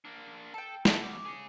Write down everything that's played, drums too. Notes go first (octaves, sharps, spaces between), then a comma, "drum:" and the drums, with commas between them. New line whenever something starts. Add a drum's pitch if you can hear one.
A#3 D4
A4 G5 A5
E2 B2 A4 E5 G#5, drum: snare
C#6 D6
C#4 G#4